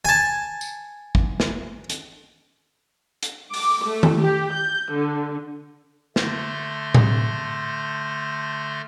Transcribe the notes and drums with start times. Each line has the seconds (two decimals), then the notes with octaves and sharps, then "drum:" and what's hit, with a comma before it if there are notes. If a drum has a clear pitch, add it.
0.05 G#5 A5
0.61 drum: tambourine
1.15 drum: kick
1.40 drum: snare
1.90 drum: hi-hat
3.23 drum: hi-hat
3.54 D6, drum: open hi-hat
3.87 A3
4.03 drum: tom D#3
4.20 G4
4.54 G6
4.93 D3
6.16 D3 A3 C6 F6 G6 A#6, drum: snare
6.94 drum: tom A2